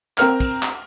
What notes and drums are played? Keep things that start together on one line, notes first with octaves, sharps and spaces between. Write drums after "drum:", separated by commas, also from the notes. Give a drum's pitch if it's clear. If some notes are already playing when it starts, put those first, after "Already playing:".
C4 A#4 F6, drum: clap
drum: kick, cymbal
drum: clap